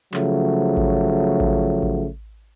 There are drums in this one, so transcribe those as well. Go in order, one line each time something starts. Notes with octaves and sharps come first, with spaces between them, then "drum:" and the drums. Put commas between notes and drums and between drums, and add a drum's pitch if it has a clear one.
C#3 F3 F#3 A3, drum: clap
drum: kick A1
drum: kick A1
drum: kick A1